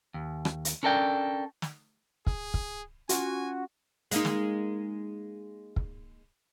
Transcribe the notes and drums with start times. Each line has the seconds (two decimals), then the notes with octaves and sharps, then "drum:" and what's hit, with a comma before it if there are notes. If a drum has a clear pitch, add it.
0.14 D#2
0.45 drum: rim click
0.65 drum: hi-hat
0.83 C#4 D4 A4 A#4 D5 G5
1.62 drum: snare
2.27 G#4, drum: kick
2.54 drum: kick
3.09 C#4 F4 F#4 G#5, drum: hi-hat
4.11 G#3 A#3 D#4, drum: hi-hat
4.25 drum: snare
5.76 drum: kick